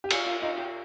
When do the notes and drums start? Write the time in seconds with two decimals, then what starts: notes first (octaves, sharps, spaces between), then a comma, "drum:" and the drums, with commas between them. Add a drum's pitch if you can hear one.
0.04 G4
0.11 F4 G#4, drum: cymbal
0.26 F4
0.42 D#4 F4
0.58 G4